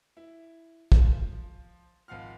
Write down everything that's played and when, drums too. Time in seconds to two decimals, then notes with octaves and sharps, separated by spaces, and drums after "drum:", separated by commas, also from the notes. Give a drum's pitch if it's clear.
0.17 E4
0.92 F3, drum: kick
2.08 G#1 F3 F5 F#5 F6